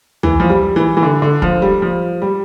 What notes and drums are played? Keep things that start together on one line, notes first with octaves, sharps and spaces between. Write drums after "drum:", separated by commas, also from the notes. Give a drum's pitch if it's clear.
E3, drum: tom
F3
G3
E3
E3
D3
D3
F3, drum: kick
G3
F3
G3